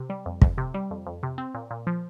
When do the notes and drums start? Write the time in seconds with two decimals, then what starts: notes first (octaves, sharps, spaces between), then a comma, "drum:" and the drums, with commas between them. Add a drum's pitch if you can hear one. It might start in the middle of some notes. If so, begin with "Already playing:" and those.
Already playing: C3
0.10 G3
0.26 F2
0.42 F2, drum: kick
0.58 C3
0.74 G3
0.91 F2
1.07 F2
1.23 C3
1.38 C4
1.54 A#2
1.71 A#2
1.87 F3